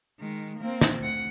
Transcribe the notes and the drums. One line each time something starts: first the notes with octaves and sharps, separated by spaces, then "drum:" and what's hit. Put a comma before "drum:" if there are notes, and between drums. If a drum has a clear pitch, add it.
D#3 G#3
A#3 C4
drum: snare
D2 F#5